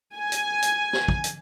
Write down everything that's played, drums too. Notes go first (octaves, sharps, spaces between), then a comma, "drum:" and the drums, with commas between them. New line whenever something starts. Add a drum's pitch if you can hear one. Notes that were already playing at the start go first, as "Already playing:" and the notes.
G#5
drum: hi-hat
drum: hi-hat
drum: snare
drum: kick
drum: hi-hat